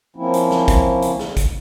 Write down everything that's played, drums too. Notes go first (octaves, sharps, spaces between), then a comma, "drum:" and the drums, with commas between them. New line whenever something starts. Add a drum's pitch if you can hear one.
F3 A#3 C4 C#4 E4
drum: hi-hat
drum: snare
drum: kick, hi-hat
drum: hi-hat
drum: snare
drum: kick, hi-hat